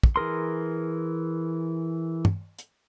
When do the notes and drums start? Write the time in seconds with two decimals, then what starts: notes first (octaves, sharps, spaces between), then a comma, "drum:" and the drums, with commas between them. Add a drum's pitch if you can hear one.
0.03 drum: kick
0.16 E3 G#4 A#4 C6
2.25 drum: tom
2.59 drum: hi-hat